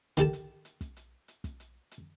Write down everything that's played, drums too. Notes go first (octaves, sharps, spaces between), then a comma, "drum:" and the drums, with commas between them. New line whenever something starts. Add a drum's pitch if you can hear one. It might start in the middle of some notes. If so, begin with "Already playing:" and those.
D#3 G4 A4 A5, drum: kick, hi-hat
drum: hi-hat
drum: hi-hat
drum: kick, hi-hat
drum: hi-hat
drum: hi-hat
drum: kick, hi-hat
drum: hi-hat
drum: hi-hat